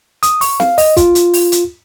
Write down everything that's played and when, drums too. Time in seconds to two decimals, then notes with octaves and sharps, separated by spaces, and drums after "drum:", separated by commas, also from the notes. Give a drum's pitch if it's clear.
0.23 D#6, drum: hi-hat
0.41 C#6, drum: open hi-hat
0.60 F5, drum: snare
0.78 D#5, drum: open hi-hat
0.97 F4, drum: kick, hi-hat
1.15 drum: hi-hat
1.33 drum: open hi-hat
1.52 drum: hi-hat